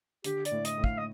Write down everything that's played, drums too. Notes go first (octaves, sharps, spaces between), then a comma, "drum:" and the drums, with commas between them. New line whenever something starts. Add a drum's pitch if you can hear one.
D3 G4, drum: hi-hat
D5, drum: hi-hat
A2
D#5, drum: hi-hat
A2
F5, drum: kick
D#5